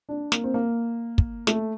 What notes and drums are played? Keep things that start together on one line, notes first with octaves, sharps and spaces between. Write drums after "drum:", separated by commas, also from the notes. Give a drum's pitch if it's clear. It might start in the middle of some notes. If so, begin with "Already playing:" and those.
D4
A#3, drum: snare
C4
A#3
drum: kick
A3, drum: snare